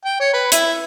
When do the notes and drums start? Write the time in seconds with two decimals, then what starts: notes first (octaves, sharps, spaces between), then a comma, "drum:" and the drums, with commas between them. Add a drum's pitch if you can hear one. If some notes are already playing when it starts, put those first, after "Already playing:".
0.05 G5
0.20 C#5
0.33 B4
0.52 E4, drum: hi-hat